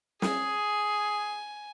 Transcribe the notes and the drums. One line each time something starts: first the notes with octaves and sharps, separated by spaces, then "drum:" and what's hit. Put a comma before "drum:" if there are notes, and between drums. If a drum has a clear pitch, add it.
G#4 G#5, drum: snare